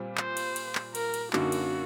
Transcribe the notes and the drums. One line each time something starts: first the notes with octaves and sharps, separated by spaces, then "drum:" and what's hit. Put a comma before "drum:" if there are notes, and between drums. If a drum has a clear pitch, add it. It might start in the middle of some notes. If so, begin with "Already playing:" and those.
Already playing: A#2 G3 C4
C5, drum: clap
drum: cymbal
drum: cymbal
drum: clap
A#4, drum: cymbal
drum: cymbal
F#2 D3 F#3 A#3 D#4 F#4, drum: clap
drum: cymbal